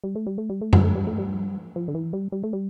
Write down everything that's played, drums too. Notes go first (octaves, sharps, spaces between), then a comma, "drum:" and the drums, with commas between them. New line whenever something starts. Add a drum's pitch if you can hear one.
G3
A3
G3
A3
G3
A3
G3, drum: tom F#2
A3
G3
A3
G3
F3
D3
E3
G3
G3
A3
G3